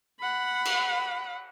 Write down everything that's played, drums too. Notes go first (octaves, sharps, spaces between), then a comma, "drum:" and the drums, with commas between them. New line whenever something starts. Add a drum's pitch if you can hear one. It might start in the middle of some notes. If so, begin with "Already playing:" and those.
F#5 B5
drum: cymbal